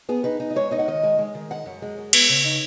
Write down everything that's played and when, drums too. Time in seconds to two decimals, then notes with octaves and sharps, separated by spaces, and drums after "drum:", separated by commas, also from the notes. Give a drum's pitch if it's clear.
0.09 B3 G#4
0.24 D#4 B4
0.40 D#4
0.51 D#5
0.56 G#3 C#5
0.71 D#4 D#5
0.79 F#5
0.88 D#3 D#5
1.03 G#3
1.19 G#3
1.35 D#3
1.50 G#3 F#5
1.66 F#2
1.82 G#3
1.98 F#2
2.13 B3, drum: cymbal
2.29 C#3
2.45 D#4